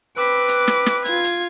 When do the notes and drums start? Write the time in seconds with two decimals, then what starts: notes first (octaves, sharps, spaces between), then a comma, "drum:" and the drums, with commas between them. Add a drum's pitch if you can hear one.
0.17 C4 B4 D6
0.49 drum: hi-hat
0.68 drum: snare
0.86 drum: snare
1.05 F4 G#6, drum: hi-hat
1.24 drum: hi-hat